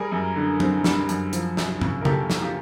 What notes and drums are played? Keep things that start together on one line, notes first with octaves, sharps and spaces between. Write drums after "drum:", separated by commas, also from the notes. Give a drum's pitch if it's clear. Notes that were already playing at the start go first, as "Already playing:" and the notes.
Already playing: G3 G#4 A#4
F#2
D3
C4, drum: tom F#3
G3, drum: snare
F#2, drum: hi-hat
F3, drum: hi-hat
F#2, drum: snare
C#3, drum: tom G#2
A#4
A#3 G4 A4, drum: tom C#3
F3, drum: snare
F4 G4